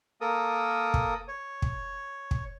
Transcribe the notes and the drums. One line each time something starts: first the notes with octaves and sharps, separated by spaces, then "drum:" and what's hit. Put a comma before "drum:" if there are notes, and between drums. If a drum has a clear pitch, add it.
A#3 A4 A#4 D#6
drum: kick
C#5
drum: kick
drum: kick